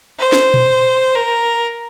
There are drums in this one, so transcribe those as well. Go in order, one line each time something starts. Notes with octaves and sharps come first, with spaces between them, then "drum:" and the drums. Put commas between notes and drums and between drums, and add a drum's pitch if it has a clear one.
C5
drum: snare
drum: tom A#2
A#4